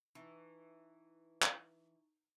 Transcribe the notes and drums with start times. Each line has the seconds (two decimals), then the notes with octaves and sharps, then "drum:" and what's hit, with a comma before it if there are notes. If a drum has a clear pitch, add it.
0.15 E3 D#4 A#5 C#6
1.42 drum: clap